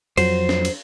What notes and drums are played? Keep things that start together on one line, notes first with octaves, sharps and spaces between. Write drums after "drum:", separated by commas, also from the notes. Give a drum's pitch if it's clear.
F2 F#3 C5, drum: cymbal
drum: snare
drum: cymbal